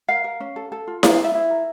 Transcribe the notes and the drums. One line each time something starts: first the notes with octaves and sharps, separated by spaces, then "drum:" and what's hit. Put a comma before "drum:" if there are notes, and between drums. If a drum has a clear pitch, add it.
A#4 F5
A#4
C#4
A4
A4
F4
A#4 F5, drum: snare E4
F5
E4
E5
E4
A#4